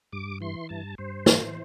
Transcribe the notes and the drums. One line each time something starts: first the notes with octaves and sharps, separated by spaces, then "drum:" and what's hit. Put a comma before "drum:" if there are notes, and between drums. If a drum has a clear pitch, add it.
G2 D6
E3 C6
G2 A5
G2 C5
E3, drum: snare